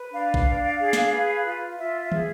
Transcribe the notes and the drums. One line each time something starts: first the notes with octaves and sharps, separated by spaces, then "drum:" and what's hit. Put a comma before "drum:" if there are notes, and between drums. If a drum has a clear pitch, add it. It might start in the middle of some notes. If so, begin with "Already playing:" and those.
Already playing: B4
D4 F5
drum: kick A1
D4
G#4
drum: snare
B4
F4
F4 E5
E5
G#4, drum: tom